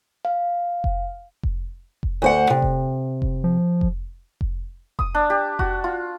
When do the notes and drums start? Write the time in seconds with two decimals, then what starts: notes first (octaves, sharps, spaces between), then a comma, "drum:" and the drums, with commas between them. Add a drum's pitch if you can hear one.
0.25 F5
0.84 drum: kick F1
1.43 drum: kick F1
2.03 drum: kick F1
2.22 D2 C5 F#5
2.50 C3
2.62 drum: kick F1
3.22 drum: kick F1
3.44 F3
3.81 drum: kick F1
4.41 drum: kick F1
4.99 D#6, drum: kick F1
5.15 D4
5.30 G4
5.59 F#4, drum: kick F1
5.84 F4